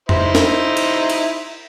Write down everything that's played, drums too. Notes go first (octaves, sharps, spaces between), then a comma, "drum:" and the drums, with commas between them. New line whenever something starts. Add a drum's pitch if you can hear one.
D#4 E4 C5, drum: tom F2
drum: snare
drum: cymbal
drum: cymbal